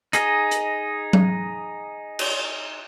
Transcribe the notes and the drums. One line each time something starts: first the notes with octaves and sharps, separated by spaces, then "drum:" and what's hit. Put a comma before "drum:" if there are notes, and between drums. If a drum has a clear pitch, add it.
D#4 G#4 D#5, drum: hi-hat
drum: hi-hat
drum: tom F#3
drum: cymbal